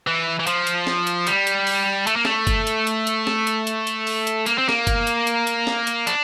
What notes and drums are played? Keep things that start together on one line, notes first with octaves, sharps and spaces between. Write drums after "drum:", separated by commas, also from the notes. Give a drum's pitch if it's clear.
E3
E3
F3, drum: hi-hat
drum: hi-hat
drum: snare
drum: hi-hat
G3, drum: hi-hat
drum: hi-hat
drum: open hi-hat
A3, drum: hi-hat
A#3
A3, drum: snare
drum: kick F#1, hi-hat
drum: hi-hat
drum: hi-hat
drum: hi-hat
drum: snare
drum: hi-hat
drum: hi-hat
drum: hi-hat
drum: open hi-hat
drum: hi-hat
A#3, drum: hi-hat
C4
A#3, drum: snare
drum: kick F#1, hi-hat
drum: hi-hat
drum: hi-hat
drum: hi-hat
drum: snare
drum: hi-hat
D4, drum: hi-hat